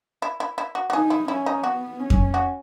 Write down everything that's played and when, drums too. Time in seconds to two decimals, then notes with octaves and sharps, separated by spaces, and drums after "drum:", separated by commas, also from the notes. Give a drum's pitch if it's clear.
0.22 E4
0.40 E4
0.58 E4
0.75 F#4
0.90 F#4
0.93 D#4 G#4
1.10 E4
1.28 C#4 E4
1.46 D#4
1.63 B3 F#4
2.00 C#4
2.10 drum: kick F2
2.34 F#4